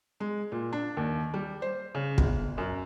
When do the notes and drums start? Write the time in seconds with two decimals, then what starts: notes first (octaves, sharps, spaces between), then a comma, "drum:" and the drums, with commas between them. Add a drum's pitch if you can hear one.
0.20 G#3
0.52 A#2
0.73 D4
0.97 D#2
1.34 G3
1.62 C5
1.95 C#3
2.18 G1, drum: kick
2.58 F#2